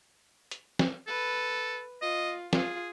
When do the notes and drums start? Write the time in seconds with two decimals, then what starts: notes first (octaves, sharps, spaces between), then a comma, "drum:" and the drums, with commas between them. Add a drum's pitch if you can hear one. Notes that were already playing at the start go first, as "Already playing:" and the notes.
0.51 drum: hi-hat
0.79 drum: snare
1.07 A4 B4
2.02 F4 D#5
2.53 F4 G#4, drum: snare